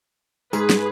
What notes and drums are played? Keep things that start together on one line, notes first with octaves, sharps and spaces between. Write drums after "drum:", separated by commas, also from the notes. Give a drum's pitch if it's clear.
G#2 G#4 B4, drum: tambourine
drum: snare